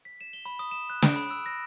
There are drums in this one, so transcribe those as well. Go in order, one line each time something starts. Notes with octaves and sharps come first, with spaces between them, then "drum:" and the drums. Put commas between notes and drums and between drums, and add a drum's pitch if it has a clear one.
B6
E7
G7
B5
D#6
E7
F#6
D7, drum: snare
B5
E6
A#6